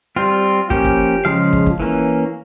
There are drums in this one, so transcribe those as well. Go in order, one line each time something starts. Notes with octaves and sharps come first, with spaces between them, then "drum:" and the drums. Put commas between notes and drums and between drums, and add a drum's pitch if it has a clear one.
G3 C4 F4
F3 A#3 C#4 G4, drum: kick
drum: kick
C#3 F3 G#3 F5
drum: kick
drum: kick
E3 A#3 C#4